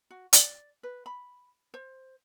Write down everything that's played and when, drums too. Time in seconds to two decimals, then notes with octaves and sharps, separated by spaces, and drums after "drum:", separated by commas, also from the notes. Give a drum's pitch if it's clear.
0.10 F#4
0.33 D5, drum: hi-hat
0.83 B4
1.06 B5
1.74 C5